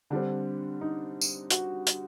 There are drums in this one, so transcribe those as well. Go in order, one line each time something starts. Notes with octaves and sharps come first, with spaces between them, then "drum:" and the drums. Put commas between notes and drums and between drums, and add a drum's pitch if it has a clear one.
D3 G3 C4 D4
D#4
drum: tambourine
F#4, drum: hi-hat
drum: hi-hat